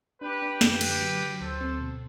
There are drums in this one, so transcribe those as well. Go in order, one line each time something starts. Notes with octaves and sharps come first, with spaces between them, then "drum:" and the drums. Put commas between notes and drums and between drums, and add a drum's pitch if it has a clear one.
D4 G4 B4
D4
F#2 G4 B4, drum: snare
D3, drum: cymbal
F#3
F#3
D2 A4 C5
C4
B2